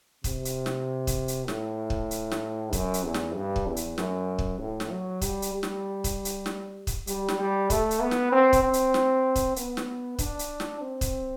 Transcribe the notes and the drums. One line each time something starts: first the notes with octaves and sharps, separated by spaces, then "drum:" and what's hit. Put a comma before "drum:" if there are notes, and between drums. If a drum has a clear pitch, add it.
C3, drum: kick, hi-hat
drum: hi-hat
drum: snare
drum: kick, hi-hat
drum: hi-hat
A2, drum: snare
drum: kick
drum: hi-hat
drum: snare
F#2, drum: kick, hi-hat
drum: hi-hat
E2
drum: snare
G2
drum: kick
E2
drum: hi-hat
F#2, drum: snare
drum: kick
A2
drum: snare
F#3
G3, drum: kick, hi-hat
drum: hi-hat
G3
drum: snare
drum: kick, hi-hat
drum: hi-hat
drum: snare
drum: kick, hi-hat
G3, drum: hi-hat
drum: snare
G3
A3, drum: kick, hi-hat
drum: hi-hat
B3
drum: snare
C4
drum: kick, hi-hat
C4
drum: hi-hat
drum: snare
drum: kick, hi-hat
B3, drum: hi-hat
drum: snare
D4, drum: kick, hi-hat
drum: hi-hat
drum: snare
C4
drum: kick, hi-hat